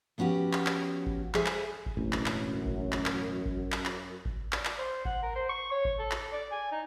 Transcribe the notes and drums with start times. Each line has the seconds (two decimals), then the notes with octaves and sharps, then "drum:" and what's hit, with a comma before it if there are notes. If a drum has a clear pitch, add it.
0.18 F3 B3 C#4 F#4 G4
0.53 drum: clap
0.66 drum: clap
1.06 drum: kick G#1
1.34 G#4 A4 C5 E5 G#5, drum: clap
1.46 drum: clap
1.86 drum: kick G#1
1.97 E1 A1 F#2
2.13 drum: clap
2.26 drum: clap
2.66 drum: kick G#1
2.92 drum: clap
3.06 drum: clap
3.46 drum: kick G#1
3.72 drum: clap
3.85 drum: clap
4.25 drum: kick G#1
4.53 D5, drum: clap
4.65 drum: clap
4.78 C5
5.05 F#5, drum: kick G#1
5.22 A#4
5.35 C5
5.49 C#6
5.71 C#5
5.85 drum: kick G#1
5.99 A4
6.11 drum: clap
6.32 D5
6.51 G#5
6.71 D#4